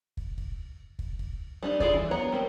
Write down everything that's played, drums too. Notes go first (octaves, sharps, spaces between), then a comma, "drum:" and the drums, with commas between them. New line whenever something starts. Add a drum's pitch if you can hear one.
drum: kick
drum: kick
drum: kick
drum: kick
G3 D4 D#4
E4 F4 G#4 A4 D5, drum: kick
E3
B3 C#5 F#5 A#5
G3 A#3 C4